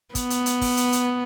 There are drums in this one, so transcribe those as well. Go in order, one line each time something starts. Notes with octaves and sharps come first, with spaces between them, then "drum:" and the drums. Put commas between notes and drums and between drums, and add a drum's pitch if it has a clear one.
B3, drum: kick, hi-hat
drum: hi-hat
drum: hi-hat
drum: kick, open hi-hat
drum: hi-hat
drum: hi-hat